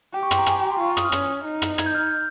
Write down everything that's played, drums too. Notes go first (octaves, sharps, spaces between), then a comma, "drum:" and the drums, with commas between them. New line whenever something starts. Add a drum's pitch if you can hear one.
G4 G5
C#6
C6, drum: rim click
A#5
G#5, drum: rim click
G5
A#5
C6
F4 C#6
D#6, drum: rim click
F6
C#4, drum: rim click
D#4
drum: rim click
G#6, drum: rim click
G6
F6
G6